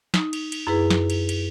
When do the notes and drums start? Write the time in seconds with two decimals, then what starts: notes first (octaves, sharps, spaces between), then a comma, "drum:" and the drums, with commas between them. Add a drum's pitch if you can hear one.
0.14 D#4, drum: snare
0.33 drum: cymbal
0.52 drum: cymbal
0.67 F#2 E4 G#4 B4
0.90 drum: snare
1.10 drum: cymbal
1.29 drum: cymbal